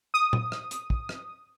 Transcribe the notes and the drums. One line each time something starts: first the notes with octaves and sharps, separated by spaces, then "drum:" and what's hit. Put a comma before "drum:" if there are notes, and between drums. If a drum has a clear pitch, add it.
D#6
drum: tom A#2
drum: rim click
drum: hi-hat
drum: kick
drum: rim click